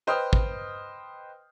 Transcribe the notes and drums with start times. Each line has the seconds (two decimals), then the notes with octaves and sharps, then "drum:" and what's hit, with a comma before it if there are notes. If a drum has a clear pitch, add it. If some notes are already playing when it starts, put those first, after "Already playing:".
0.07 B4 C5 D#5 G5 D#6 F6
0.33 drum: kick